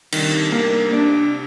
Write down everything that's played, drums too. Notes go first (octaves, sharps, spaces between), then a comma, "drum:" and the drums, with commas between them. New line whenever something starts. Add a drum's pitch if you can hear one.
C3 D#3 G3 D4, drum: cymbal
A#3
D4